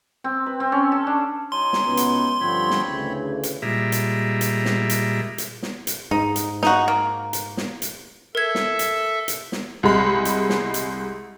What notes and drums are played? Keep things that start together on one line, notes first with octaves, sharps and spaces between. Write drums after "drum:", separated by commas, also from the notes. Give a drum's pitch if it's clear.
C4
B4
C4
C#4
A4
D4
F#3 D#4 G#5 C6
drum: snare
C#2 B3
drum: hi-hat
G2 D3 F3 C4 C#5 B5
drum: snare
D2 C#3 E3
drum: hi-hat
A#2 G3 G#3 E5 A#5
drum: hi-hat
drum: hi-hat
drum: snare
drum: hi-hat
drum: hi-hat
drum: snare
drum: hi-hat
G#2 D#4
drum: hi-hat
D#4 F#4, drum: snare
A#3
drum: hi-hat
drum: snare
drum: hi-hat
A4 A#4 E5 G#6
drum: snare
drum: hi-hat
drum: hi-hat
drum: snare
C2 G#3 B5
drum: hi-hat
drum: snare
drum: hi-hat